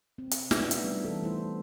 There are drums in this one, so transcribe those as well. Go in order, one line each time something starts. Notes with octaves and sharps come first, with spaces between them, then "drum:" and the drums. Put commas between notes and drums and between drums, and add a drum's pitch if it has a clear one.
C4
drum: hi-hat
A3 B3 D4 D#4 B4 E5, drum: snare
D4, drum: hi-hat
G3 B3 F4
E3 A#3 A4
A3 E4 C5